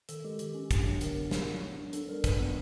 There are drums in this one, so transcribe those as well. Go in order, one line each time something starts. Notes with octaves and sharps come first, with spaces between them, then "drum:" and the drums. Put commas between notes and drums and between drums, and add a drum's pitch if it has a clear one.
D#3 A4, drum: hi-hat
G#3 G4
D#3 G4, drum: hi-hat
C#4
D4, drum: kick, hi-hat
F#3
D3 A#4, drum: hi-hat
B3
F#3 A#4, drum: snare
B3
F#3
D4
D4 A4, drum: hi-hat
G3 A#4
E3 B4, drum: kick, hi-hat
B3